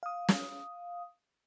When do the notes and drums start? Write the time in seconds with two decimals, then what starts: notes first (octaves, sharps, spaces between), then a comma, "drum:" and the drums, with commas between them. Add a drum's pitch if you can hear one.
0.03 F5 D#6
0.28 drum: snare